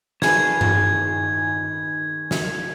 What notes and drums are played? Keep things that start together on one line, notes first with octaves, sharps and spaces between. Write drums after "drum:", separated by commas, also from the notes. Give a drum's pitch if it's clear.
D#3 G#4 B4 G#6, drum: snare
drum: tom G2
drum: snare